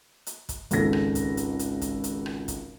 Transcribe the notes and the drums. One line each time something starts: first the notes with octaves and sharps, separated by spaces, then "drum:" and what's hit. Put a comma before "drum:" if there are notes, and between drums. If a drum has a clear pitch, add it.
drum: hi-hat
drum: kick, hi-hat
G#1 C#2 C#3 A4 A#6, drum: hi-hat
drum: rim click
drum: kick, hi-hat
drum: hi-hat
drum: hi-hat
drum: kick, hi-hat
drum: hi-hat
drum: rim click
drum: kick, hi-hat